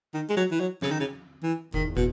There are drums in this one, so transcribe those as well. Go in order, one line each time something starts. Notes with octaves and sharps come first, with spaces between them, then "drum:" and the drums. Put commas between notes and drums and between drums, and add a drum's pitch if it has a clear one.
D#3
G#3
F#3
E3
F#3
C#3, drum: snare
D#3
C#3
E3
E2 D#3, drum: kick
B2, drum: kick